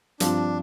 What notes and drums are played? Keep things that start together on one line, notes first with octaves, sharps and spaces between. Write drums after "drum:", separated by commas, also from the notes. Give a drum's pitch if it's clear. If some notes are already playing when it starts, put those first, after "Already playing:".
G2 F3 C4 D4 F4, drum: hi-hat